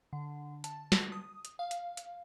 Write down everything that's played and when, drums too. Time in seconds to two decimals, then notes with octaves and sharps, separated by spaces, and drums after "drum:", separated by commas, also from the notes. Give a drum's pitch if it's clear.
0.13 D3
0.64 A5, drum: hi-hat
0.92 drum: snare
1.12 D#6
1.45 drum: hi-hat
1.59 F5
1.71 drum: hi-hat
1.97 drum: hi-hat